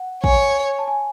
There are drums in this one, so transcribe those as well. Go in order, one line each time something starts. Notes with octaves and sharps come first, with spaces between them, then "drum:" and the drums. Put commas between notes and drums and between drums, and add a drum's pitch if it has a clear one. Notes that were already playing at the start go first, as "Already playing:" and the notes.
Already playing: F#5
C#5 G#5, drum: kick
A5
G#5